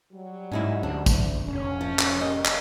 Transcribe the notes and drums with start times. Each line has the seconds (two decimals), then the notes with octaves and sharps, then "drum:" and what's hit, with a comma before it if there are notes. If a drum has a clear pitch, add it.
0.13 F#3 G3
0.52 G#2 C#4 D#4 E4
0.83 D2 D4
1.06 drum: kick, tambourine
1.47 F1 C#4
1.81 F3
1.99 drum: clap
2.21 G3 A#3 C#4 D#5
2.45 drum: clap